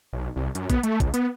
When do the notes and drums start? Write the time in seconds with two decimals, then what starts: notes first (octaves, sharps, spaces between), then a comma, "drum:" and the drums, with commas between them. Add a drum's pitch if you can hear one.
0.13 B1
0.36 C2
0.55 F#2, drum: hi-hat
0.70 B3, drum: kick, hi-hat
0.83 A3, drum: hi-hat
1.00 C#2, drum: kick, hi-hat
1.14 B3, drum: hi-hat